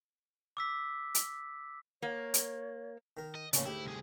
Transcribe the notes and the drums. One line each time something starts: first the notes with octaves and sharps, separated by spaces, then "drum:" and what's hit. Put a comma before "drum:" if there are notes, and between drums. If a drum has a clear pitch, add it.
D6 E6 B6
drum: hi-hat
A#3 C#5
drum: hi-hat
D#3 A#4
D#5
A2 C#3 A#3 C#4 D5, drum: hi-hat
D2 G#2 E4 G4
C2 G#4